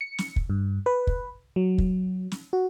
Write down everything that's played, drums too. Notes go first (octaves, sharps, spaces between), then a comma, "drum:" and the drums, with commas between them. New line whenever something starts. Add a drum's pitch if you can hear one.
C#7
drum: snare
drum: kick
G2
B4
drum: kick
F#3
drum: kick
drum: snare
F#4